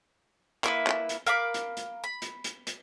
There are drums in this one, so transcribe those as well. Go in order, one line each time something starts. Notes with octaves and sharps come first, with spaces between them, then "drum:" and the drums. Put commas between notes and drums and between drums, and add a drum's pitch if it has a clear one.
A#3 E4 B4, drum: clap
drum: clap
drum: hi-hat
A#4 F5 B5 D6
drum: hi-hat
drum: hi-hat
B5
drum: hi-hat
drum: hi-hat
drum: hi-hat